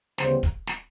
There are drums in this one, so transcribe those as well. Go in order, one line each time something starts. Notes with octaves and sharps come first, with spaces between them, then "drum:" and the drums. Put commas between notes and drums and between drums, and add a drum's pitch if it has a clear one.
D2 C#3 E3 G3 B3 C5, drum: snare
drum: kick, hi-hat
drum: snare